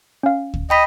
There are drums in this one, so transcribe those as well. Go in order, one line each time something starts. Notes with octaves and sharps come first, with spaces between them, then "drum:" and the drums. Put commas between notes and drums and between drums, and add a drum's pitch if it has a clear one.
C#4 F5
drum: kick
D#5 G5 B5 B6